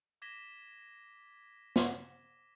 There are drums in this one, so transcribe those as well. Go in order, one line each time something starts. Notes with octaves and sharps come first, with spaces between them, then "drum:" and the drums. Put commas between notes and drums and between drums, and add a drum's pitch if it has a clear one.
D6 G#6 A#6 B6 E7 G7
drum: snare